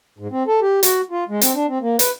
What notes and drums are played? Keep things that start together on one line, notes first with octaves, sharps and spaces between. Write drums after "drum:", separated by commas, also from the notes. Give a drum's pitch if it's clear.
G#2
C4
A4
G4
F#4, drum: hi-hat
F4
G#3
C4, drum: hi-hat
D4
C4
A#3
B4, drum: hi-hat